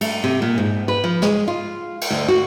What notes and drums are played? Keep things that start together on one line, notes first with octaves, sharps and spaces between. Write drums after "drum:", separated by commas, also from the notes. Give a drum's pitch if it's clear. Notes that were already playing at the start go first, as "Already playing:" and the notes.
A3, drum: cymbal
C3
A#2
G#2
B4
F3
G#3, drum: snare
F4
drum: cymbal
D2
F#4